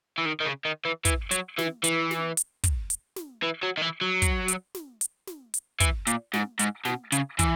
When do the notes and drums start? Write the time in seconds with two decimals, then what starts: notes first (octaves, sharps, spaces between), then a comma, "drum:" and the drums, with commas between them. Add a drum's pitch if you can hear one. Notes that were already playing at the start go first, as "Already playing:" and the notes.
0.18 E3
0.26 D#3
0.41 D#3
0.46 C#3
0.65 D#3
0.85 E3
1.05 E3, drum: kick, hi-hat
1.31 F#3, drum: hi-hat
1.59 E3, drum: snare
1.84 E3, drum: hi-hat
2.11 drum: snare
2.37 drum: hi-hat
2.64 drum: kick, hi-hat
2.90 drum: hi-hat
3.16 drum: snare
3.43 E3
3.63 F#3
3.78 D#3
3.82 E3
4.01 F#3
4.22 drum: kick, hi-hat
4.48 drum: hi-hat
4.75 drum: snare
5.01 drum: hi-hat
5.27 drum: snare
5.54 drum: hi-hat
5.80 E3, drum: kick, hi-hat
6.07 A#2, drum: hi-hat
6.33 G#2, drum: snare
6.59 G#2, drum: hi-hat
6.85 B2, drum: snare
7.12 C#3, drum: hi-hat
7.39 E3, drum: kick, hi-hat